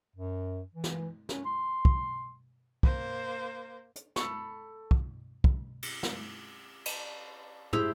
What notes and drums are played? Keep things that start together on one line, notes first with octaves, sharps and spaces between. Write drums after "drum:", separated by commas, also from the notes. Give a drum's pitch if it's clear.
F#2
E3
drum: snare
C#4, drum: snare
C6
drum: kick
A#3 C5, drum: kick
drum: hi-hat
A4 B5 C#6, drum: snare
drum: kick
drum: kick
drum: cymbal
drum: snare
drum: cymbal
E4 G4 G#4 C5 E6, drum: tom